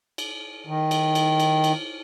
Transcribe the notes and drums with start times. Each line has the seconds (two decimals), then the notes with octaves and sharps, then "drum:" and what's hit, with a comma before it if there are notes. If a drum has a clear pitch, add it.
0.18 drum: cymbal
0.67 D#3
0.91 drum: cymbal
1.15 drum: cymbal
1.40 drum: cymbal
1.64 drum: cymbal